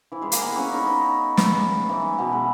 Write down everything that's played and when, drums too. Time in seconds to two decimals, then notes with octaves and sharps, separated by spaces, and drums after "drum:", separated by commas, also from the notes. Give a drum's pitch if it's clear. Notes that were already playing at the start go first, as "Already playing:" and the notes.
0.12 E3 E4
0.21 G#3 G#4
0.32 A#3 A#4, drum: hi-hat
0.42 B3 B4
0.56 C#4 C#5
0.71 D#4 D#5
0.86 D#4 D#5
1.37 drum: snare
1.89 E3 E4
2.18 B2 B3
2.33 G#3